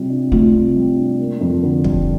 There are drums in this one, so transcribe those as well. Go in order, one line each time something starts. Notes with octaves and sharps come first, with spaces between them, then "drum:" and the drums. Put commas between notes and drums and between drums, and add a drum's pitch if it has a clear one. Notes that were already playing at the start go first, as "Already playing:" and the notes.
Already playing: C3 G3 F4
D4
A3 F4
C3
G3
D4
A#3
F2
D3
G3, drum: kick